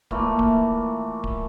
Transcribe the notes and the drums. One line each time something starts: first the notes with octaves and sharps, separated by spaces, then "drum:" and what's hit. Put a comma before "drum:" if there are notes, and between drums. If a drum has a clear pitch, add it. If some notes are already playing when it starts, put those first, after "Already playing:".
A#2 E3 A3 A#3, drum: kick D1
drum: kick D1
drum: kick D1